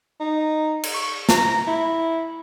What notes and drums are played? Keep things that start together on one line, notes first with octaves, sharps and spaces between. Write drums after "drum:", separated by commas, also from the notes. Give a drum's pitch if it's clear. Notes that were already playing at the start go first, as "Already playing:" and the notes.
D#4
drum: cymbal
C#6
A#5, drum: snare
E4